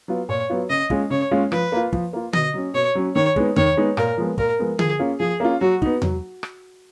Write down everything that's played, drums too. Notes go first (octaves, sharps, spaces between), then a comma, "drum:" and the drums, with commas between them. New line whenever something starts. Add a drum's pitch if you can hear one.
F#3 B3 F4
A#2 C#5
F#3 B3 F4
C#3 D#5
G#3 C#4 F4, drum: kick
C#3 C#5
G#3 C#4 F4
F3 B4, drum: rim click
A#3 F4
F3, drum: kick
A#3 F4
B2 D#5, drum: tom D3
F#3 C#4
B2 C#5
F#3 C#4
D#3 C#5
G#3 B3 D#4, drum: kick
D#3 C#5, drum: tom E2
G#3 B3 D#4
A#2 A#4, drum: rim click
F3 G#3 B3
A#2 A#4, drum: kick
F3 G#3 B3
F3 G#4, drum: tom D3
A#3 C#4 F4
F3 G#4
A#3 C#4 F4
F#3 F#4
B3 D#4, drum: kick
F#3, drum: tom E2
drum: rim click